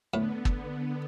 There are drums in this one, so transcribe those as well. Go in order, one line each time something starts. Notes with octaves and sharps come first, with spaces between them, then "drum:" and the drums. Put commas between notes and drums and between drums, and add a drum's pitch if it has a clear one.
A2 D3 B3
drum: kick